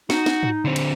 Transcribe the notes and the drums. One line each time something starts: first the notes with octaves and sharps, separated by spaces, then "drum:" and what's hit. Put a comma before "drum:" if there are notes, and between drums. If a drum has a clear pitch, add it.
D#4 F#4, drum: snare
drum: snare
drum: tom G#2
D3 C4
drum: cymbal